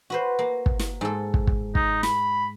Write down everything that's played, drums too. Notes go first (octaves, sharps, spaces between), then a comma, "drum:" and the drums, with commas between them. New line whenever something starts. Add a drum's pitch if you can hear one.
F#4 B4 C5
A#3
drum: kick
drum: snare
G#2 A4
drum: kick
drum: kick
D#4, drum: kick
B5, drum: snare